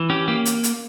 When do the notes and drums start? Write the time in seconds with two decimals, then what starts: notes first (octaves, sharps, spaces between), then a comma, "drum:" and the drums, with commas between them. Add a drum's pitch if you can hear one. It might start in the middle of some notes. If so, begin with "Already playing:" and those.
Already playing: E3
0.10 C#4 G4
0.28 A#3 G4
0.45 drum: hi-hat
0.63 drum: hi-hat